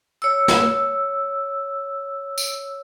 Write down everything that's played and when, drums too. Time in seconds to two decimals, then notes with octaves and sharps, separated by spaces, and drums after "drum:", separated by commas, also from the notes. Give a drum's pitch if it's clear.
0.22 C#5 E6
0.48 drum: snare
2.38 drum: tambourine